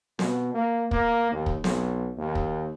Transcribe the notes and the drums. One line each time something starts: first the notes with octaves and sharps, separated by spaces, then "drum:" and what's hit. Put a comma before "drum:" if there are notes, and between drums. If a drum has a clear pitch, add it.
B2, drum: snare C4
A#3
A#3, drum: kick
D#2
drum: kick
B1, drum: snare C4
D#2
drum: kick